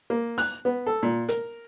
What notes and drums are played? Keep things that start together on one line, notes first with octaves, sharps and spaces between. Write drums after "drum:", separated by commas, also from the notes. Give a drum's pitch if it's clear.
A#3
F#6, drum: open hi-hat
B3
A4
A#2
A#4, drum: hi-hat